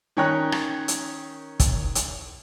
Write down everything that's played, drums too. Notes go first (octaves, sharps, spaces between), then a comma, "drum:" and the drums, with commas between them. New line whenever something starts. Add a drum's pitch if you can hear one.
D#3 C#4 C#5 G5 A#5 F#6
drum: rim click
drum: hi-hat
drum: kick, hi-hat
drum: hi-hat